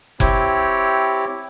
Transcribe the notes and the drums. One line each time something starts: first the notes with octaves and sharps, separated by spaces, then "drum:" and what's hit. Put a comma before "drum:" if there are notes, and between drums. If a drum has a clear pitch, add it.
C4 E4 G4 C#5, drum: kick F1